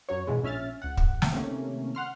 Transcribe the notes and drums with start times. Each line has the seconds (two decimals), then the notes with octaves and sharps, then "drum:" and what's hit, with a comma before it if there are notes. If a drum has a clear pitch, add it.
0.09 F#2 F#3 C#5
0.27 G#2 B2 E3 G#3
0.43 A#1 C#4 E5 F6 A6
0.82 C#2 F#5
0.97 drum: kick
1.22 drum: snare
1.32 C3 D#3 A3 A#3 C#4
1.95 F#5 C6 F6